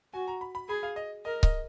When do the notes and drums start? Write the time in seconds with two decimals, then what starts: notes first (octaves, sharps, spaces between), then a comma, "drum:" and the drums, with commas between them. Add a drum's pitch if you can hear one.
0.13 F#4 G#5
0.28 A#5
0.41 B5
0.55 B5
0.69 G#4 B5
0.83 F5
0.96 D#5
1.25 A#4 D#5
1.43 D#5, drum: kick C#1